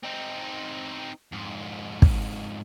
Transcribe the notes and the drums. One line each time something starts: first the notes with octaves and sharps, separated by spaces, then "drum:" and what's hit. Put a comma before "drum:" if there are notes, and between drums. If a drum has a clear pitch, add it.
C4 D#4
F2 G#2
drum: kick